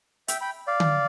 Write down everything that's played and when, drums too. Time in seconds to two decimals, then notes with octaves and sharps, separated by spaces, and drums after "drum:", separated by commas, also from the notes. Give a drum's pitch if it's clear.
0.28 E5 G5, drum: hi-hat
0.41 G5 B5
0.67 D5 F5
0.80 drum: tom D3